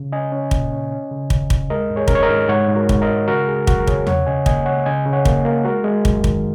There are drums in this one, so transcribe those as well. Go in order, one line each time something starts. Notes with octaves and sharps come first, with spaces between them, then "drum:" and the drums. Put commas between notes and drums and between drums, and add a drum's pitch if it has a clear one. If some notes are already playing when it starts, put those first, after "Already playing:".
Already playing: C#3
C#4 D#5 G#5
C#4
A#2, drum: kick
C#4
C#4
C#3
C#3, drum: kick
D#2, drum: kick
G#3 A#4 D#5
G#2
G#4 C#5
C#4 A#4, drum: kick
C#5
A#4 D#5
G#2
G#2 C#5 F#5
G#2
F#4 A#4
G#2, drum: kick
A#4 D#5
G#3
C#3 F#4 A#4
C#2 G#4
F#3 F#4 A#4, drum: kick
A#4
C#2 G#4 C#5, drum: kick
C#3 C#5 F#5, drum: tom E2
C#3 D#5 G#5
A#3 D#5 G#5, drum: kick
C#2 C#5 F#5
C#3 D#5 G#5
C#3
C#5 F#5
A#3, drum: kick
A#3
G#3 F#4 A#4
G#3
F#2, drum: kick
D#3, drum: kick